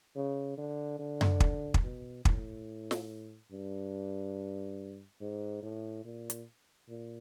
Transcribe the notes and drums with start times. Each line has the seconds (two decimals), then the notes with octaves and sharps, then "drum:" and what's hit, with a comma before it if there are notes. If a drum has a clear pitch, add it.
0.15 C#3
0.57 D3
0.99 D3
1.21 drum: tom F#2
1.40 drum: kick
1.74 drum: kick
1.84 B2
2.25 A2, drum: kick
2.91 drum: snare
3.52 G2
5.20 G#2
5.62 A2
6.05 A#2
6.30 drum: hi-hat
6.89 A#2